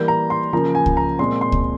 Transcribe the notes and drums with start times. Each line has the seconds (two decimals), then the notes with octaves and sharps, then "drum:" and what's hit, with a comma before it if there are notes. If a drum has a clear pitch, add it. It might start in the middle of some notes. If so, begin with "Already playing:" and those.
Already playing: E3 G3 A#3 G6
0.08 A#5
0.30 C6
0.53 C#3 F3 A#3 A#5
0.75 G#5
0.86 drum: kick C#2
0.97 A#5
1.19 A#2 G#3 C4 C6
1.41 C6
1.52 drum: kick C#2